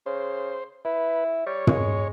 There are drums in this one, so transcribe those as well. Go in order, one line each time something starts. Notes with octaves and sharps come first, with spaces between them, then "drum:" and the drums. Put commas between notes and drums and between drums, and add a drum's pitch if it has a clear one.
C#3 C5
E4 B4
G3 C#5
G#3, drum: tom